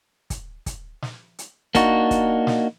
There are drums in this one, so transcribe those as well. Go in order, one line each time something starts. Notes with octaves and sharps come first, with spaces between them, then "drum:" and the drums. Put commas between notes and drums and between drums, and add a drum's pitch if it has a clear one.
drum: kick, hi-hat
drum: kick, hi-hat
drum: snare
drum: hi-hat
A#3 D4 D#4 F#4, drum: kick, hi-hat
drum: kick, hi-hat
drum: snare